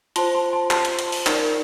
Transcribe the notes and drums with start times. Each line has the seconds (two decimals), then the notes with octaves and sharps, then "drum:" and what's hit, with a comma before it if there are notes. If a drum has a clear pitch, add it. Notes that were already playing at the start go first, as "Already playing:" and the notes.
0.16 F4 C5 A5 C6, drum: hi-hat
0.35 A5 C6
0.53 A5 C6
0.71 A5 C6, drum: clap
0.85 drum: hi-hat
0.99 drum: hi-hat
1.12 drum: open hi-hat
1.26 D#4 A#4 D5, drum: clap